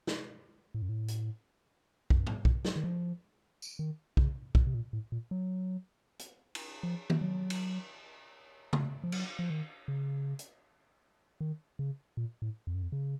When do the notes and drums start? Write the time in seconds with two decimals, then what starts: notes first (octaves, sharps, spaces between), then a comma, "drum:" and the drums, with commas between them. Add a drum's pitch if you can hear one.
0.07 drum: snare
0.74 A2
0.82 F#2
0.89 A2
1.08 drum: hi-hat
2.10 F2, drum: kick B1
2.18 F#2
2.27 A2, drum: tom G#2
2.45 A#2, drum: kick B1
2.65 F#3, drum: snare
2.76 D#3
2.84 F3
3.62 drum: tambourine
3.79 D#3
4.17 C#3, drum: kick B1
4.55 A#2, drum: kick B1
4.67 C3
4.74 A#2
4.93 A2
5.12 A#2
5.31 F#3
6.19 drum: hi-hat
6.55 drum: cymbal
6.83 F3
7.10 drum: tom D#3
7.21 F#3
7.50 drum: cymbal
8.73 drum: tom C#3
9.04 F3
9.12 F#3, drum: cymbal
9.39 F3
9.50 D#3
9.88 C#3
10.39 drum: hi-hat
11.41 D#3
11.79 C#3
12.17 A#2
12.42 A2
12.67 F2
12.75 F#2
12.82 F2
12.92 C#3